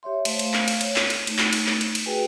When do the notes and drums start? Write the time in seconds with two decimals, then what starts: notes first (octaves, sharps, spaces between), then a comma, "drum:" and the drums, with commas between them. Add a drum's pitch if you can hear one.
0.03 G4 C#5 E5 C6
0.25 A3 C5 F5, drum: cymbal
0.39 drum: cymbal
0.54 drum: clap
0.68 drum: cymbal
0.81 C#5, drum: cymbal
0.96 drum: clap
1.10 drum: cymbal
1.27 A3 D#4, drum: cymbal
1.38 drum: clap
1.53 drum: cymbal
1.67 drum: clap
1.81 drum: cymbal
1.95 drum: cymbal
2.06 F#4 G#4 B4 G5 G#5